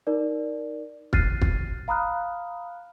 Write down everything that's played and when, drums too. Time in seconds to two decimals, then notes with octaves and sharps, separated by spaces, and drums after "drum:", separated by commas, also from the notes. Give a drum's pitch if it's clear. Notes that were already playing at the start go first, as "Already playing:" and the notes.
0.07 D#4 A#4 D5
1.13 F6 F#6 A6 C7 D#7, drum: kick
1.41 drum: kick
1.88 F5 A#5 B5 D#6 F6 F#6